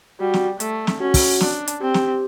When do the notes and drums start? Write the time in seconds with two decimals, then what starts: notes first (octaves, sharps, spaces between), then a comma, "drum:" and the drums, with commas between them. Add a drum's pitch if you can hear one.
0.20 G3 F#4
0.34 drum: snare
0.60 A3, drum: hi-hat
0.87 drum: snare
1.00 C#4 F#4
1.14 drum: kick, open hi-hat
1.41 D4, drum: snare
1.67 drum: hi-hat
1.81 C4 G4
1.94 drum: snare